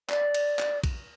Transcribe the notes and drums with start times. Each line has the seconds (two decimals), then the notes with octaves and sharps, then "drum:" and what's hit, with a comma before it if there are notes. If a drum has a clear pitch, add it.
0.09 D5, drum: clap
0.34 drum: cymbal
0.59 drum: clap
0.84 drum: kick A#1, cymbal